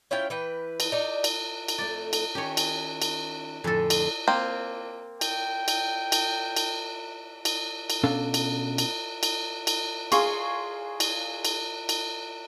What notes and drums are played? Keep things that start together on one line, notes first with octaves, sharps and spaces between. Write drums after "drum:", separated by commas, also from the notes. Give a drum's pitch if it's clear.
C#4 E4 F4 G5
E3 B4 G5
drum: cymbal
D#4 D5
drum: cymbal
drum: cymbal
F2 A3 D5
drum: cymbal
D#3 C#4 G4 C#5
drum: cymbal
drum: cymbal
F2 A2 D3 A4 G#5
drum: cymbal
A#3 C4
G5, drum: cymbal
drum: cymbal
drum: cymbal
drum: cymbal
drum: cymbal
drum: cymbal
B2 C#4 D4 A4 F5
drum: cymbal
drum: cymbal
drum: cymbal
drum: cymbal
G#4 F5 C6 C#6, drum: cymbal
drum: cymbal
drum: cymbal
drum: cymbal